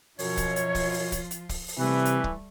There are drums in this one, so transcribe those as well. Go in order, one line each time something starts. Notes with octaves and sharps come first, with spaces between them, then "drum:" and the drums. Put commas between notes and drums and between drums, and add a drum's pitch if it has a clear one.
F#2 B2 F3 F4 C#5, drum: open hi-hat
drum: kick, hi-hat
drum: hi-hat
drum: kick, open hi-hat
drum: open hi-hat
drum: kick, hi-hat
drum: hi-hat
drum: kick, open hi-hat
drum: open hi-hat
C3 E3 G3 A3 B4
drum: hi-hat
drum: kick